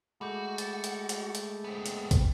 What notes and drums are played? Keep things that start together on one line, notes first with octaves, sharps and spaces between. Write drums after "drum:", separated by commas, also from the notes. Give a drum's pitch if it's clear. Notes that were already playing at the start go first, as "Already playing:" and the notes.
G#3 A3 F#4 B5 D6 G6
A6, drum: hi-hat
drum: hi-hat
drum: hi-hat
drum: hi-hat
B3 C4
drum: hi-hat
drum: kick, hi-hat